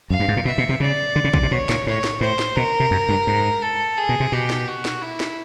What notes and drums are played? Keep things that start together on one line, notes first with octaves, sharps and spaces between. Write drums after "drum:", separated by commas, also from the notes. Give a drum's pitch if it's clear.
F#2 F5
G2
G#2
A#2
B2 E5
B2
C3
C#3 D5
D3
C#3
D3, drum: kick
C3
B2 C#5
A#2, drum: snare
A2 C#5
drum: snare
A2 C5
drum: snare
B2 A#4
C3
F#2
G2
G#2
A4
G#4
B2
C3
B2 G4
drum: snare
F#4
drum: snare
E4
drum: snare